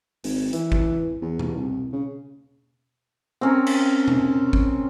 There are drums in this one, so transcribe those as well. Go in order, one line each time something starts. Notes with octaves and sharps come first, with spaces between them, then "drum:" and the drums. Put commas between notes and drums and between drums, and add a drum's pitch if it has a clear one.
G#1, drum: open hi-hat
E3, drum: hi-hat
drum: kick G#1
E2
drum: tom B2
C2
C#3
C4 C#4 A#4
drum: cymbal
drum: tom B2
drum: kick G#1